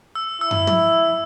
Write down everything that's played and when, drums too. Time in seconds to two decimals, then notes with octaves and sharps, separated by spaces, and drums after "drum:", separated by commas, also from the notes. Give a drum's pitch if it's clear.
0.15 E6
0.41 E4 E6
0.51 drum: tom
0.67 drum: tom